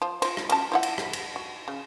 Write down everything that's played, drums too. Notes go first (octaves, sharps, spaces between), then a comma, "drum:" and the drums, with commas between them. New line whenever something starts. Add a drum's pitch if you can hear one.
F3
F4 C5, drum: cymbal
drum: rim click
C#4 F#4 A5, drum: cymbal
F3 E4 F#5
drum: cymbal
drum: rim click
drum: cymbal
F#4
C#3